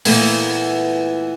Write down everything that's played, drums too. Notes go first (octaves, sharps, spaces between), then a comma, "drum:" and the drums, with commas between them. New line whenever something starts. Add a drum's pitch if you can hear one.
A#2 E3 A3 B3, drum: open hi-hat